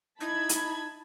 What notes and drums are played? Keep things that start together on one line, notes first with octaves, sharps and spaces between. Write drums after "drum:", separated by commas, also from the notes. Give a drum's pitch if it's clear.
D#4 E4 A5 B5 G#6
drum: hi-hat